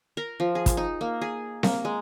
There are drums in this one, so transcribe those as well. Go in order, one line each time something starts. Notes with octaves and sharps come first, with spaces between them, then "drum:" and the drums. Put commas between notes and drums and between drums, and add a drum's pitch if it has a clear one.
A#4
F3
G#4
drum: kick, hi-hat
D#4
A#3
G#4
A#3, drum: snare C4
G#3